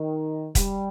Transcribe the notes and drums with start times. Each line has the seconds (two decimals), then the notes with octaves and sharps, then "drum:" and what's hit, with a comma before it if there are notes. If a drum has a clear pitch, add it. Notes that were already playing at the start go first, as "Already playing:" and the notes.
Already playing: D#3
0.55 G3, drum: kick, hi-hat